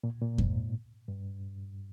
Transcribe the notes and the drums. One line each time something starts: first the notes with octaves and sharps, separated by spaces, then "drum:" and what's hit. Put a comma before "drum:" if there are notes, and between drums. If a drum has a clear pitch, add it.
A#2
A#2
G#2, drum: kick F2
G2